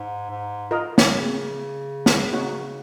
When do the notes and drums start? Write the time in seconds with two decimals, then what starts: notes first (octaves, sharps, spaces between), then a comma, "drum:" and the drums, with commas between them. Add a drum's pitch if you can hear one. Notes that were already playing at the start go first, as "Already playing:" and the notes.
Already playing: G#2
0.30 G#2
0.71 F4 A#4 D#5
0.98 drum: snare
1.11 C#3
2.06 drum: snare
2.33 D#4 F#4 C#5 F#5